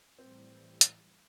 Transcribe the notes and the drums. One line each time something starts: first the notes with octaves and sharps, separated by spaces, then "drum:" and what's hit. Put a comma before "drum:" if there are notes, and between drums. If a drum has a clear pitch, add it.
A2 E3 G3 C4
drum: hi-hat